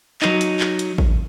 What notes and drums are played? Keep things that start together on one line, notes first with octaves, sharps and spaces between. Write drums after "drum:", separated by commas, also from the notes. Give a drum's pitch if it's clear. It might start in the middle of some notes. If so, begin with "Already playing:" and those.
F#3 D#4, drum: clap
drum: hi-hat
drum: clap
drum: hi-hat
drum: kick A1